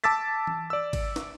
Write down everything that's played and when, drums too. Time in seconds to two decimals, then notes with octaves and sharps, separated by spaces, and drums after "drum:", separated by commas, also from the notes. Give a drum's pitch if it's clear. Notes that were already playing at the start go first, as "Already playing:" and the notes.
0.04 A5 D6 E6 A6 B6
0.47 drum: tom E3
0.70 D5 E6
0.93 drum: kick, cymbal
1.16 drum: snare